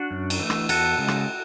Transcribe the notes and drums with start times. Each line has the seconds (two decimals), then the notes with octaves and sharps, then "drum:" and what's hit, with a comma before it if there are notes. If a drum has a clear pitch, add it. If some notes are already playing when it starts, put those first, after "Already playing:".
Already playing: D4 F#4
0.11 F#2
0.30 drum: cymbal
0.39 E3 A3
0.50 drum: rim click
0.69 E2 F#4 A4, drum: cymbal
0.98 C#3 G#3
1.08 drum: rim click